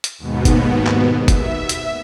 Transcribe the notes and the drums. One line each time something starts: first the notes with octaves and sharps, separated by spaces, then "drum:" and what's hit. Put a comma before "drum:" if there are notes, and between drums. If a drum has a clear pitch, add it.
drum: hi-hat
D#2 G#2 B2 B3
drum: kick, hi-hat
drum: clap
E5, drum: kick, hi-hat
drum: hi-hat